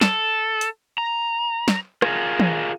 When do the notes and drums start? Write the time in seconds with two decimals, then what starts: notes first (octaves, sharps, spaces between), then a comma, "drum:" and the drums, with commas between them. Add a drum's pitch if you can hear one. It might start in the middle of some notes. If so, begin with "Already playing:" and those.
0.01 A4, drum: snare
0.61 drum: hi-hat
0.98 A#5
1.68 drum: snare
2.02 F4 G#4 A#4, drum: rim click
2.40 drum: tom